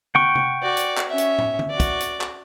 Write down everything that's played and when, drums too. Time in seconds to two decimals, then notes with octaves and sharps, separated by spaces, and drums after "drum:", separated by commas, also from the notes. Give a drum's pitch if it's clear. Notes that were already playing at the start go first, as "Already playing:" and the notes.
0.15 F#5 G5 C#6, drum: tom
0.35 drum: tom
0.62 F#4 D5
0.77 drum: hi-hat
0.97 drum: clap
1.08 C#4 E5
1.18 drum: hi-hat
1.39 drum: tom
1.59 drum: tom
1.70 F#4 D5
1.80 drum: kick, hi-hat
2.00 drum: hi-hat
2.21 drum: clap